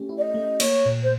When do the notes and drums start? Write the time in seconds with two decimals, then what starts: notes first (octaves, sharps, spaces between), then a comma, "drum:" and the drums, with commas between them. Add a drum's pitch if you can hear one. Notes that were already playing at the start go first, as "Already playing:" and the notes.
Already playing: A3 C#4 G4
0.09 E4
0.18 D5
0.21 D#5
0.34 A3
0.60 A#3 C#5, drum: cymbal
0.86 A#2
1.03 C5